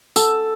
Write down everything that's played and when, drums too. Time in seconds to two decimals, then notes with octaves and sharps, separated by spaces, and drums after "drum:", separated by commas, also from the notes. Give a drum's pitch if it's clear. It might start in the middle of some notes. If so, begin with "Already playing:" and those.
0.16 A4, drum: tambourine